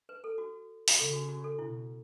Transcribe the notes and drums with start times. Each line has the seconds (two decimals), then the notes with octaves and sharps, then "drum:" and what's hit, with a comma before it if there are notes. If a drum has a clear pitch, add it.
0.09 B4
0.24 A4
0.38 F#4
0.88 F#4, drum: open hi-hat
0.99 C#3 A4
1.13 F#4
1.29 F#4
1.44 A4
1.59 B2 E4